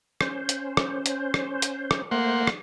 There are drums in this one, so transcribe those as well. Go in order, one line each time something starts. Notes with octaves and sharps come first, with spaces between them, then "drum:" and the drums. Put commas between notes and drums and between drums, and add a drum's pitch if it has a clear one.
C#4 C5, drum: rim click
drum: hi-hat
drum: rim click
drum: hi-hat
drum: rim click
drum: hi-hat
drum: rim click
A3 A#3 C5 F#5 C6
drum: rim click